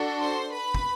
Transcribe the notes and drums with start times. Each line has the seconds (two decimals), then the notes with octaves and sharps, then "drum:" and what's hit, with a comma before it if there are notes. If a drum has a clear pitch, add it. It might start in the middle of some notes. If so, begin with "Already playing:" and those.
Already playing: D4 F#4 A4
0.20 C5 C6
0.51 B4 B5
0.75 drum: kick